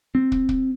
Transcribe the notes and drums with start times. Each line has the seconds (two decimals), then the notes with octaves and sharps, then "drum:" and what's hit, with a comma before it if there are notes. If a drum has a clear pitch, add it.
0.15 C4
0.32 drum: kick
0.49 drum: kick